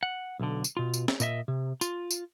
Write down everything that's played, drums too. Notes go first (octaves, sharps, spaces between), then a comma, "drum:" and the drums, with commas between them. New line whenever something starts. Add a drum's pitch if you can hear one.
F#5
B1 D3
drum: tambourine
B2 F4
drum: tambourine
drum: snare
A#2 D#5 E5, drum: tambourine
C3
F4, drum: tambourine
drum: tambourine